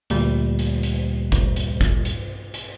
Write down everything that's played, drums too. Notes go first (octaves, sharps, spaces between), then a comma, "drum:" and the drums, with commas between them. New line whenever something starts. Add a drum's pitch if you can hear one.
D2 A#2 G3, drum: hi-hat
drum: hi-hat
drum: hi-hat
drum: kick G#1, hi-hat
drum: hi-hat
drum: kick G#1, hi-hat
drum: hi-hat
drum: hi-hat